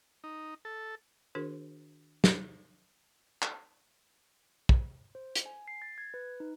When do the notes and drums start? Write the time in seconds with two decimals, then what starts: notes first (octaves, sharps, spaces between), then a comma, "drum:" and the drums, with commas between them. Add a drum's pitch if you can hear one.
0.24 D#4
0.65 A4
1.35 D#3 D4 F#4 G#4 A#4 C5
2.24 drum: snare
3.42 drum: clap
4.69 drum: kick
5.15 C5
5.35 drum: hi-hat
5.46 G#5
5.68 C7
5.82 A6
5.98 G#6
6.14 B4
6.40 D#4